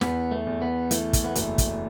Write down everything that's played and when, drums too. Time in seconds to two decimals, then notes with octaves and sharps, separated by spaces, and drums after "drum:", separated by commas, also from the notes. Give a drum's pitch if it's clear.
0.01 E2 B3, drum: snare
0.31 A3
0.47 E2
0.62 B3
0.91 E3 A3, drum: hi-hat
1.13 drum: kick, hi-hat
1.24 B3
1.35 F#1 A3, drum: hi-hat
1.58 drum: kick, hi-hat